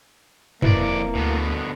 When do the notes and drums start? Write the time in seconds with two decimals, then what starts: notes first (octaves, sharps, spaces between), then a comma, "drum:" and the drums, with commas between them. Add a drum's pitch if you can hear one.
0.62 E1 F2 A#3 D4 E4 B4 D5, drum: tom
1.15 D2 B2 D3 B3